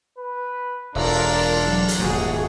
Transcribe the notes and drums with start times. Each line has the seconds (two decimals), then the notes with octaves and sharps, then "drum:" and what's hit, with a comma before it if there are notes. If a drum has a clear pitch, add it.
0.18 B4
0.95 E1 D4 F4 A4 A#4, drum: cymbal
1.66 F#3
1.88 drum: hi-hat
1.99 D#1 D#2 G#2 F#4 G#4